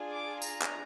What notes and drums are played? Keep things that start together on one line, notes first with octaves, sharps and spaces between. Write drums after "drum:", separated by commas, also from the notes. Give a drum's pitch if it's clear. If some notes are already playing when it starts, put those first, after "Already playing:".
Already playing: D4 F4 G#4
D6
A#5, drum: tambourine
drum: clap